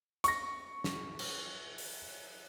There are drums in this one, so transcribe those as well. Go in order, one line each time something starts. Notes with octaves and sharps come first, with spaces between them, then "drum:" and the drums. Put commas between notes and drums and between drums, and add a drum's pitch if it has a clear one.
C#6 A#6, drum: hi-hat
drum: snare
drum: cymbal
drum: open hi-hat